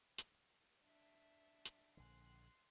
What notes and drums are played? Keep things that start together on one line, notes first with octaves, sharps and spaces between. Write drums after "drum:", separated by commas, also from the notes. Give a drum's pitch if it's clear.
drum: hi-hat
D4 E5
drum: hi-hat
A#1 D3 C6 F#6